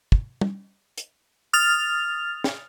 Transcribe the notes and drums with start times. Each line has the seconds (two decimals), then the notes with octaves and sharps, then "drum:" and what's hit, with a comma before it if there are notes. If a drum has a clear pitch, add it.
0.12 drum: kick
0.41 drum: tom
0.98 drum: hi-hat
1.53 D#6 F6 A6 F7
2.44 drum: snare